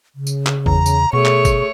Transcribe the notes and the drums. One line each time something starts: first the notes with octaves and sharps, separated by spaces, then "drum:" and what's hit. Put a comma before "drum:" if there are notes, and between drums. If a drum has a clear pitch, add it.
C#3
drum: tambourine
drum: clap
E2 A#5, drum: kick G1
drum: tambourine
B2 A3 G#4 C#5 C#6
drum: clap
drum: kick G1, tambourine